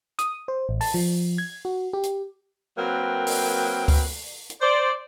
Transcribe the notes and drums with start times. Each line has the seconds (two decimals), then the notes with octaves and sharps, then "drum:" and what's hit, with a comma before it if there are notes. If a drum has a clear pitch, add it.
0.19 D#6, drum: hi-hat
0.48 C5
0.69 A1
0.81 A5, drum: open hi-hat
0.94 F3
1.38 G#6
1.65 F#4
1.93 G4
2.03 drum: hi-hat
2.78 F#3 A#3 C4 A#4 B4 G5
3.27 drum: open hi-hat
3.88 drum: kick D2, open hi-hat
4.50 drum: hi-hat
4.61 C5 D5